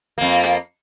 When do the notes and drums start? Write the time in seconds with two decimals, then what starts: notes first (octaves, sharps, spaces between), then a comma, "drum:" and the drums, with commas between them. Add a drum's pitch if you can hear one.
0.18 F2 A#3
0.43 drum: hi-hat